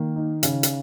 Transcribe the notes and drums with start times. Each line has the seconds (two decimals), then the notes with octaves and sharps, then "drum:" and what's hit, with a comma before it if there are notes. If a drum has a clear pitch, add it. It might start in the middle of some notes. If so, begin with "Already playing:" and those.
Already playing: D#3 A#3
0.16 D#4
0.43 C#3, drum: hi-hat
0.63 drum: hi-hat